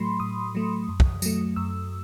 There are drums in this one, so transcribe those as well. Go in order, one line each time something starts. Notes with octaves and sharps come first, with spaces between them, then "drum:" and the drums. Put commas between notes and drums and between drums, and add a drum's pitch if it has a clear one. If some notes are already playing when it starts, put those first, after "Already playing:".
Already playing: A2 F#3 A3 B5 C6
A2 D#6
F#3 A3
F#2
drum: kick
F#3 A3, drum: tambourine
F#2 E6